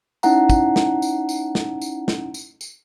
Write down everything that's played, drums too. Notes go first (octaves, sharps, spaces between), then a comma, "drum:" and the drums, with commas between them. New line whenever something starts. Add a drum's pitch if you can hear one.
C#4 D#4 E4 F#5 A#5, drum: tambourine
drum: kick, tambourine
drum: snare
drum: tambourine
drum: tambourine
drum: snare
drum: tambourine
drum: snare
drum: tambourine
drum: tambourine